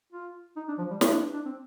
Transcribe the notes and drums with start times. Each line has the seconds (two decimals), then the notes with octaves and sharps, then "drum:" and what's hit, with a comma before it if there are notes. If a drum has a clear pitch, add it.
0.12 F4
0.56 D#4
0.68 D4
0.78 F3
0.90 G3
1.01 C4, drum: snare
1.12 D4
1.34 D4
1.45 C4